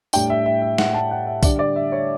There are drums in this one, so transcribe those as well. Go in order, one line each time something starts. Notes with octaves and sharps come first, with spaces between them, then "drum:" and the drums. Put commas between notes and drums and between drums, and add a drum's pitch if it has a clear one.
A2 G3 D4 G5, drum: tambourine
E5
E5
E5
F#5, drum: snare
A5
F#5
E5
D3 G3 D4 D5, drum: kick B1, tambourine
D5
E5
C#5